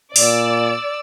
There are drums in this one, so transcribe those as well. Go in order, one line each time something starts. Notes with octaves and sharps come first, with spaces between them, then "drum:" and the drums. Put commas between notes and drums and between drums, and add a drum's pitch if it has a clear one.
A#2 D5 E6, drum: open hi-hat